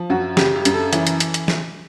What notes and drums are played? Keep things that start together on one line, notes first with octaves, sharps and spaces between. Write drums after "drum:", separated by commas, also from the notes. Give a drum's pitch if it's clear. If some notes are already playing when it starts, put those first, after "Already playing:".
Already playing: F3
F#2 F#4
C#3 G4, drum: snare
G4
F#2, drum: hi-hat
A4
E3, drum: hi-hat
drum: hi-hat
drum: hi-hat
drum: hi-hat
drum: snare